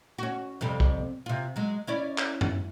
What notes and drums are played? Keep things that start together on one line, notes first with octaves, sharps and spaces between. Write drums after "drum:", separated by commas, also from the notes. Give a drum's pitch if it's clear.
C#4 F#4
F2 C3 G3
drum: kick
C3 F4
F#3 G#3
C#4 E4 D5
drum: clap
drum: tom F#2